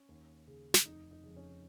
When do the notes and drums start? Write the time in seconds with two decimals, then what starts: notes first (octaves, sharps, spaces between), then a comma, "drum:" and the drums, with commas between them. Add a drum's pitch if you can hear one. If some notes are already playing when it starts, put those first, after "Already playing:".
Already playing: C#4
0.09 D#2
0.47 C#3
0.74 drum: snare
0.85 F1 D#4
1.11 D#4
1.23 F2 C#3
1.36 C#4